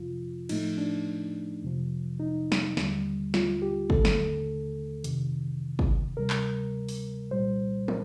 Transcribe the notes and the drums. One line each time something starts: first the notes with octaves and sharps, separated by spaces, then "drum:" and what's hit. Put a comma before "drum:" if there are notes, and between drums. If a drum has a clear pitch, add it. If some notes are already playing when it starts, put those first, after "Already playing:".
Already playing: F2 C3 F3 F4
A2 F3 A3 D#4, drum: cymbal
D4
F2 C3 F3
D#4
drum: snare
D#2 D3 G3, drum: snare
F4, drum: snare
G4
D#2 D3 A3 A4, drum: kick
drum: snare
F2 C3 D#3, drum: hi-hat
drum: kick
D2 C3 G3 A#4
drum: clap
drum: open hi-hat
C2 A#2 G3 C5
A#4, drum: tom